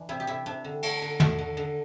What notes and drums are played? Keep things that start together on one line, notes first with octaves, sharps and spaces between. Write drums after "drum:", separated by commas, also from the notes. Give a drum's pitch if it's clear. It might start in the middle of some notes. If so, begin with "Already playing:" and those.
Already playing: E3 D4
C3 E4
G4
C3 E4
C3 D4
D3
A3, drum: cymbal
D3
A3, drum: tom
D3
D3